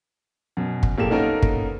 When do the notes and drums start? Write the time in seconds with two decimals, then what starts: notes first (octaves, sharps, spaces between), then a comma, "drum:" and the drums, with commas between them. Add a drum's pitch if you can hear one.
0.57 F#2 B2
0.83 drum: kick
0.98 A#1 A#3 G4 A4 E7
1.11 A#3 B3 C#4 D#4 A4 A#4
1.42 drum: kick